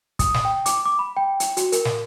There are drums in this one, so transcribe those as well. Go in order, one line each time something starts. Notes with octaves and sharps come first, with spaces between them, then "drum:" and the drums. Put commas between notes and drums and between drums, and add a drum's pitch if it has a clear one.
D#6, drum: kick, hi-hat
drum: snare
G5
D6, drum: hi-hat
D6
B5
G5
drum: hi-hat
F#4, drum: hi-hat
A#4, drum: hi-hat
drum: snare